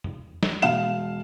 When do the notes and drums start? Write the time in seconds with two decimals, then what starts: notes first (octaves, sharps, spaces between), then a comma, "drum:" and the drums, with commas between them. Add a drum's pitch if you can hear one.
0.04 drum: tom E2
0.43 drum: snare
0.62 E1 F5 E7